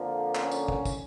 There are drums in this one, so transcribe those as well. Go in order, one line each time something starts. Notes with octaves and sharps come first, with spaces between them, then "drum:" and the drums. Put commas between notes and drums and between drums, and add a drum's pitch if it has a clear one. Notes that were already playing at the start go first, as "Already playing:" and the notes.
Already playing: F2 D3 F3 A#3
C#4, drum: clap
drum: tambourine
drum: kick
drum: kick, tambourine